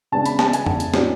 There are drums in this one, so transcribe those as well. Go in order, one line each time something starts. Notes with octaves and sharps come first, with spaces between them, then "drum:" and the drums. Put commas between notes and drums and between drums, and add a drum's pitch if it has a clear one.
C#3 G#3 B3 D4 A5
B5, drum: hi-hat
A5, drum: snare
G#5, drum: hi-hat
drum: tom F2
drum: hi-hat
A2 F#3 B3 D4, drum: snare